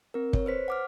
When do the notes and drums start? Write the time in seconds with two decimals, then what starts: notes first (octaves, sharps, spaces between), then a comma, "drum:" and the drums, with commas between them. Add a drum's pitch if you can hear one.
0.14 C4 A#4
0.33 C#5, drum: kick
0.46 B4 C5 B6
0.68 F#5 D6 F6